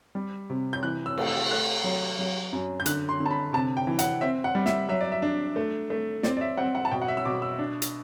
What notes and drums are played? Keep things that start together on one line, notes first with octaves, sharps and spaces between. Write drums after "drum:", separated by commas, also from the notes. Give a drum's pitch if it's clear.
G3
C3
G6
E3 F#6
E6
A3, drum: cymbal
E6
A3 F#6
F#3
F#3
F#2
G6
D3 F#6, drum: hi-hat
C6
D3
A5
B5
C3 A5
G5
E3
F#5, drum: hi-hat
C4 E5
F#5
G3
E5, drum: snare
F#3 E5
D5
E5
D4
A3
A3
C4 D5, drum: snare
D5
E5
C4 F#5
F#5
A5
B2 G5
F#5
E5
E6
B2 D6
E6
D4
drum: hi-hat